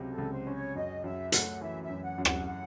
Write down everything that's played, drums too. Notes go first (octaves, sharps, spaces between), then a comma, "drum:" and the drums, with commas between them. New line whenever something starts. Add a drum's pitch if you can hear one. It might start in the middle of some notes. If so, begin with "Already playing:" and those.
Already playing: C#2 C3 F#3 C#4
A4
C#2
C5
C#4
C#5
F#2 D#5
F#2 E5
A3 F#5, drum: hi-hat
E3 E5
E5
F#2
F#5
F#2
F#5, drum: rim click
F#5